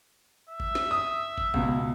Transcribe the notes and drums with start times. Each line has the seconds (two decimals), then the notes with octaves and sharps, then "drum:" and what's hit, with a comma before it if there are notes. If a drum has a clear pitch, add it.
0.50 E5
0.60 drum: kick
0.75 drum: snare
0.91 D#6
1.38 drum: kick
1.54 C#2 B2, drum: kick